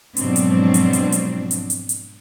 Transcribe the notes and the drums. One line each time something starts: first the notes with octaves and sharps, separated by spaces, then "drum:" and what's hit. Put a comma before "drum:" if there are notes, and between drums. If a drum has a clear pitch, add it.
G#2 B2 F3 F#3 C4 D4, drum: hi-hat
drum: hi-hat
drum: hi-hat
drum: hi-hat
drum: hi-hat
drum: hi-hat
drum: hi-hat
drum: hi-hat